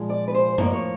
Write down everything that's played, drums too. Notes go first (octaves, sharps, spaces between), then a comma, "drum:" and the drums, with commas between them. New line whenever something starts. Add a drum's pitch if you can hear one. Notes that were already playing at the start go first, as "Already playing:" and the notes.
Already playing: A#2 F3 G#3
D5
B4
C5
A2 F3 A#3 C#5, drum: tom F#2
D5
C#5